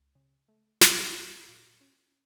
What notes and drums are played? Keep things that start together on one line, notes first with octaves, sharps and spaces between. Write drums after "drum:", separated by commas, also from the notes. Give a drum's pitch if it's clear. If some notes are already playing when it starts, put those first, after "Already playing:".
Already playing: C#2
C#3
A3
F#3, drum: snare
D#2
A#2
C#4